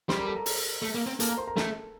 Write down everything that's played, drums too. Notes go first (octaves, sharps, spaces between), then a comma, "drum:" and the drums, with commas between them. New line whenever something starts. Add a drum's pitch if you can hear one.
G3 C5 C6, drum: snare
A#4 A#5
A4 A5
A#4 A#5
drum: open hi-hat
A3
A#3
C4
A#3 A4 A5, drum: hi-hat
A#4 A#5
C5 C6
A#4 A#5
A3 A4 A5, drum: snare